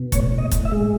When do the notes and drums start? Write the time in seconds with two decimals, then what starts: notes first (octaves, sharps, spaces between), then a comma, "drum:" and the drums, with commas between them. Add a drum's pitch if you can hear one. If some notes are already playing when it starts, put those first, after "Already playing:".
Already playing: B2
0.12 A2 C#5, drum: kick, hi-hat
0.32 A2
0.38 D#5
0.51 A2, drum: kick, hi-hat
0.65 E5
0.72 G#3